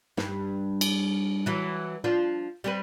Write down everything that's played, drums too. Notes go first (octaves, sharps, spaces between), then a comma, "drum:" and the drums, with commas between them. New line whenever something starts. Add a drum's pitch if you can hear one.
G2, drum: snare
drum: cymbal
E3 F#3
F3 D4 F4
G3 C4 B4